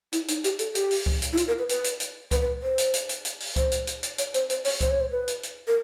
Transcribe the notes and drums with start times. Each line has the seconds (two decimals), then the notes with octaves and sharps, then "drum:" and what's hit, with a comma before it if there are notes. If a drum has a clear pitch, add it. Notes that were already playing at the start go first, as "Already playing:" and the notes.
0.13 E4, drum: hi-hat
0.28 D#4, drum: hi-hat
0.44 G4, drum: hi-hat
0.59 A4, drum: hi-hat
0.75 G4, drum: hi-hat
0.91 drum: open hi-hat
1.06 drum: kick C#2
1.22 drum: hi-hat
1.33 E4
1.37 F4, drum: hi-hat
1.48 A#4
1.59 B4
1.69 B4, drum: hi-hat
1.84 drum: hi-hat
2.00 drum: hi-hat
2.31 B4, drum: kick C#2, hi-hat
2.42 B4
2.63 C5
2.78 drum: hi-hat
2.94 drum: hi-hat
3.09 drum: hi-hat
3.25 drum: hi-hat
3.40 drum: open hi-hat
3.56 C5, drum: kick C#2, hi-hat
3.72 drum: hi-hat
3.87 drum: hi-hat
4.03 drum: hi-hat
4.18 C#5, drum: hi-hat
4.34 C5, drum: hi-hat
4.50 C5, drum: hi-hat
4.65 C#5, drum: open hi-hat
4.81 C5, drum: kick C#2, hi-hat
4.90 C#5
5.00 C5
5.11 B4
5.28 drum: hi-hat
5.43 drum: hi-hat
5.67 A#4